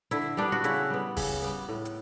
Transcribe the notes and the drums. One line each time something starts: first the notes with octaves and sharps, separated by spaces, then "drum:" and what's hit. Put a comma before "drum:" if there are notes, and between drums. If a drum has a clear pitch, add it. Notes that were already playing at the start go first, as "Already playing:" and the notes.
D3 E4, drum: hi-hat
G3 B3 D4
F#4
C#3 E4, drum: hi-hat
G3 B3
C#3, drum: kick, open hi-hat
G3 B3
A2
drum: hi-hat